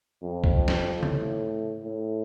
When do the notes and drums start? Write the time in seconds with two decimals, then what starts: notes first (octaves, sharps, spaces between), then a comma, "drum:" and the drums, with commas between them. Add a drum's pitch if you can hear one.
0.23 F2
0.44 drum: kick
0.68 drum: snare
1.03 A2, drum: tom C#3
1.84 A2